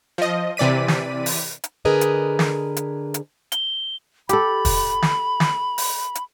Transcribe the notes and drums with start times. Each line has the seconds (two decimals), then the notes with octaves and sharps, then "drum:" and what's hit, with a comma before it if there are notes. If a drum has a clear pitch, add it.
0.18 F3 D#5
0.57 C3 E3 D5 B6 D#7
0.88 drum: snare
1.26 drum: open hi-hat
1.64 drum: hi-hat
1.85 D3 G#4 A#4 B4 D#5
2.01 drum: hi-hat
2.39 drum: snare
2.77 drum: hi-hat
3.14 drum: hi-hat
3.52 G7, drum: hi-hat
4.29 G4 A4 B5, drum: hi-hat
4.65 drum: kick, open hi-hat
5.02 drum: snare
5.40 drum: snare
5.78 drum: open hi-hat
6.15 drum: hi-hat